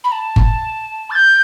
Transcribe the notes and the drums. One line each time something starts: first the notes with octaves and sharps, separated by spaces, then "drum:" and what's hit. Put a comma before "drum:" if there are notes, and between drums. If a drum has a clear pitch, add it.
B5
A5
drum: kick G1
A6
G6